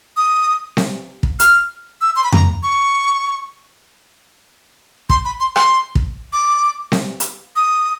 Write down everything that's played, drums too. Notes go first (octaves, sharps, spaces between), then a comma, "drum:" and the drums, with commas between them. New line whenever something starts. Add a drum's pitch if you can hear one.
D#6
drum: snare C4
drum: kick
F6, drum: hi-hat
E6
C6
B5
A#5, drum: tom F2
C#6
C6, drum: kick
B5
C6
C6, drum: rim click
drum: kick
D6
drum: snare C4
drum: hi-hat
D#6